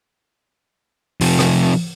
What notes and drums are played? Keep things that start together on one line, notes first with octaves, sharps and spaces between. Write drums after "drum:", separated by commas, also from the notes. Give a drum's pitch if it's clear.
C3 F3, drum: open hi-hat
drum: rim click